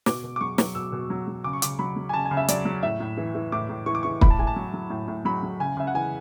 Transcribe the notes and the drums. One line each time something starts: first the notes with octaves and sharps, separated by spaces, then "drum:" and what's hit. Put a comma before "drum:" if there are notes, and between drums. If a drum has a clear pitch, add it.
B2 D6, drum: snare
B2
D6
F#3 C#6
F#3, drum: snare
B2 E6
B2
F#3
F#3
C#3 D6
C#6
C#3 D6, drum: hi-hat
F#3 B5
F#3
G#5
C#3 A5
G#5
C#3
E5
F#3 D5, drum: hi-hat
F#3
A2 E5
A2
E3
E3
A2 D6
A2
E3 C#6
D6
E3 C#6
A2 B5, drum: kick
A5
A2 G#5
A5
F#3
F#3
A2
A2
F#3 B5
F#3
C#3 G#5
C#3 E5
F#5
E3 G#5